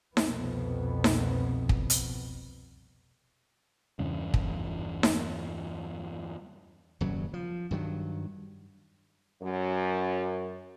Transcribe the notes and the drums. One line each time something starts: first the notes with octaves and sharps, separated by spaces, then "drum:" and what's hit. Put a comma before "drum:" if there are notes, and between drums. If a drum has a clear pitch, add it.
C2 F2 B2 B3, drum: snare D#4
drum: snare D#4
drum: kick
drum: hi-hat
E2 G2 C#3
drum: kick
drum: snare D#4
D#1 F#2 C#3 F#3
F3
G2 D#3 F#3
F#2